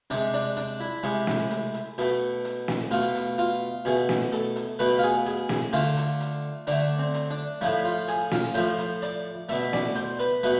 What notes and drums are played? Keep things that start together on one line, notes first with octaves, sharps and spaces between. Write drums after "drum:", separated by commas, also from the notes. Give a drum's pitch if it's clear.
C3 G#3 D4, drum: hi-hat
D4, drum: hi-hat
D4, drum: hi-hat
E4
C3 G#3, drum: hi-hat
drum: snare
drum: hi-hat
drum: hi-hat
B2 A3, drum: hi-hat
drum: hi-hat
drum: snare
B2 A3 F4, drum: hi-hat
drum: hi-hat
F4, drum: hi-hat
B2 A3 G#4, drum: hi-hat
drum: snare
A4, drum: hi-hat
drum: hi-hat
B2 A3 B4, drum: hi-hat
F4
G#4
G#4, drum: hi-hat
G#4, drum: snare
D3 A3 F4, drum: hi-hat
drum: hi-hat
drum: hi-hat
D3 A3 D4, drum: hi-hat
C4
drum: hi-hat
D4
A2 F3 A3 E4, drum: hi-hat
F4
G#4, drum: hi-hat
F4, drum: snare
A2 F3 A3 C5, drum: hi-hat
drum: hi-hat
D5, drum: hi-hat
B2 A3 E5, drum: hi-hat
D5, drum: snare
C5, drum: hi-hat
B4, drum: hi-hat
B2 A3 B4, drum: hi-hat